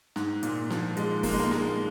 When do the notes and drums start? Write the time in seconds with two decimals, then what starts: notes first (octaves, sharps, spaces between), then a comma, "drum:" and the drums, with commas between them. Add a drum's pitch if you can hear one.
0.16 G#2, drum: snare
0.43 A#2, drum: hi-hat
0.70 F3, drum: snare
0.97 G#3, drum: hi-hat
1.23 A#3, drum: kick, open hi-hat
1.31 G#3
1.39 A#3
1.51 G#3, drum: snare